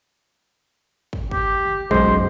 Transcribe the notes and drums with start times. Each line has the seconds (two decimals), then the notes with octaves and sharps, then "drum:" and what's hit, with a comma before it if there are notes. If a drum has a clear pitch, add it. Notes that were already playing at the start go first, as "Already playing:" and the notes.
1.13 drum: kick
1.31 G4, drum: kick
1.65 drum: tom C#3
1.91 B1 F#2 G#3 C5, drum: kick